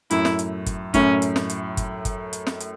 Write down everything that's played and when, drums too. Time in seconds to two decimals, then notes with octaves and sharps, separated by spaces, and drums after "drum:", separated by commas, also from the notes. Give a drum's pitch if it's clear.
0.11 F#2 A2 E4, drum: hi-hat
0.25 drum: snare
0.39 drum: hi-hat
0.66 drum: kick G1, hi-hat
0.94 F#2 A2 C#4, drum: kick G1, hi-hat
1.22 drum: hi-hat
1.36 drum: snare
1.50 drum: hi-hat
1.77 drum: kick G1, hi-hat
2.05 drum: kick G1, hi-hat
2.33 drum: hi-hat
2.47 drum: snare
2.60 drum: hi-hat